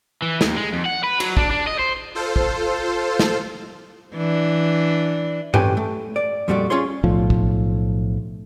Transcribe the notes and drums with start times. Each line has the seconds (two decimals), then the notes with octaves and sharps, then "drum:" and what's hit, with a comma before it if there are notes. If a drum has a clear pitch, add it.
0.22 E3
0.41 D#2, drum: snare
0.56 G#3
0.73 F2
0.86 F#5
1.04 B4
1.20 F#3, drum: cymbal
1.37 D4, drum: kick
1.51 D4
1.67 D#5
1.79 C5
2.15 F4 A4 C5
2.36 drum: kick
3.19 drum: snare
4.15 E3 D4
5.54 A2 C4 C#4 G4 B4 G#5, drum: tom G2
5.77 A3
6.16 D5
6.48 F2 A#2 G3 A3 F#4 D5
6.70 C#4 F4 G#4 C#5 C6
7.03 B1 A2 F3
7.30 drum: kick